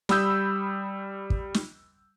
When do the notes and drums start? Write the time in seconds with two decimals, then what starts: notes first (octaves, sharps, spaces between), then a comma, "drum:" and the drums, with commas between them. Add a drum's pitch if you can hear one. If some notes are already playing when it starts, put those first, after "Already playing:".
0.09 G3 B5 D#6 E6 G6, drum: snare
1.30 drum: kick
1.54 drum: snare